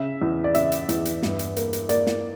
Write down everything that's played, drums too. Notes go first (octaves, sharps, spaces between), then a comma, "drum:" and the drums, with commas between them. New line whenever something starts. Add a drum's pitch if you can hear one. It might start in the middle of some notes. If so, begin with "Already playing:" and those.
Already playing: C#3 E5
E2
D5
C#3 E5, drum: hi-hat
drum: hi-hat
E2, drum: hi-hat
drum: hi-hat
G2, drum: snare
drum: hi-hat
A#3, drum: hi-hat
drum: hi-hat
A#3 D5, drum: hi-hat
drum: snare